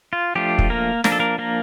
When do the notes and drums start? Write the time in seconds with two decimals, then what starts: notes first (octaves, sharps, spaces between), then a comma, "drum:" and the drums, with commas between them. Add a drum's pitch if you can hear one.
0.13 F4
0.35 F3 A3 D4 F4 G4
0.58 drum: kick
0.70 A#3 A#4
1.04 F3 A#3 D4 A#4, drum: snare
1.12 A4
1.19 A#3 A#4
1.39 A#3 A#4